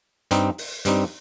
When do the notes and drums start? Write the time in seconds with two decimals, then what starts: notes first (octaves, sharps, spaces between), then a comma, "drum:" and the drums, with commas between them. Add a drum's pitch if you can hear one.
0.31 G2 G3 C4 D#4, drum: hi-hat
0.58 drum: open hi-hat
0.85 G2 G3 C4 D#4, drum: hi-hat